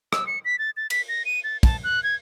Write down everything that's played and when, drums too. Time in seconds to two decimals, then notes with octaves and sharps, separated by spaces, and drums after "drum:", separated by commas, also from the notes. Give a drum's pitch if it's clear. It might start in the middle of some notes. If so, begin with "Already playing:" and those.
0.13 E6, drum: rim click
0.27 C#7
0.45 B6
0.59 A6
0.77 A6
0.90 B6, drum: cymbal
1.09 A#6
1.25 D#7
1.44 A6
1.63 A5, drum: kick, cymbal
1.84 F#6
2.03 G#6